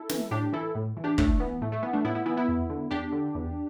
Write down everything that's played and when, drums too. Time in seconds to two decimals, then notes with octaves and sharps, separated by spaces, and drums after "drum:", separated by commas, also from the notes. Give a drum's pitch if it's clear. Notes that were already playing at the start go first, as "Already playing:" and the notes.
Already playing: E4 A4
0.09 E3, drum: snare
0.31 A2 D4 G4
0.53 E3 E4 A4
0.75 A2
0.97 E3
1.04 D4 G4
1.18 A2 A3 D4, drum: kick
1.40 E3 B3
1.62 A2 A3
1.72 A3
1.82 E3 B3
1.93 A3 D4
2.04 A2 B3 E4
2.15 B3 E4
2.26 E3 B3 E4
2.37 B3 E4
2.48 E2
2.70 D3
2.91 E2 D4 G4
3.12 D3
3.35 E2